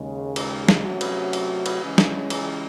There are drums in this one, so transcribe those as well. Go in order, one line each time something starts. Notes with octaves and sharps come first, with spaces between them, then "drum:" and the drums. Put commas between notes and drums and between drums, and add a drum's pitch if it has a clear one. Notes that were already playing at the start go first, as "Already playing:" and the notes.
Already playing: D#2 C#3 G#3
drum: cymbal
drum: snare
C3 F#3 A3 C#4 F#4
drum: cymbal
drum: cymbal
drum: cymbal
C#3 E3 G#3 C#4
drum: snare
drum: cymbal